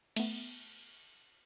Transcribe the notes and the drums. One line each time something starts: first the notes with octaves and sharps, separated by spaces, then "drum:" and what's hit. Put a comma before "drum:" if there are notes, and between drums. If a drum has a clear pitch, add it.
A3 B3, drum: cymbal